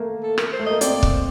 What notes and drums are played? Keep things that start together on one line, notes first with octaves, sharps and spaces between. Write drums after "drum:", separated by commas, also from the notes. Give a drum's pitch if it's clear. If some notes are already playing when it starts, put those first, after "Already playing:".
Already playing: A3 A#3
A4
A#4, drum: rim click
C5
A3
A#3 D#5
C4 D5, drum: hi-hat
drum: kick